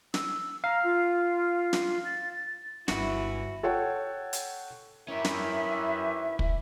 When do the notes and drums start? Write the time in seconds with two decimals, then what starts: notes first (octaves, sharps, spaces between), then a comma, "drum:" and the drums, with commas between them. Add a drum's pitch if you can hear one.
0.14 E6, drum: snare
0.64 F5 A#5
0.84 F4
1.73 drum: snare
2.05 A6
2.88 G1 G2 E3 E4 F#4, drum: snare
3.63 A4 C#5 F#5 G5
4.33 drum: hi-hat
5.08 D#3 E3 C#4 E4 A#4 E5
5.25 drum: snare
6.39 drum: kick